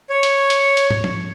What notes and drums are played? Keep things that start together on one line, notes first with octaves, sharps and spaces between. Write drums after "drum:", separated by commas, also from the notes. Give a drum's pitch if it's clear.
C#5
drum: hi-hat
drum: hi-hat
drum: hi-hat
drum: tom
drum: tom F3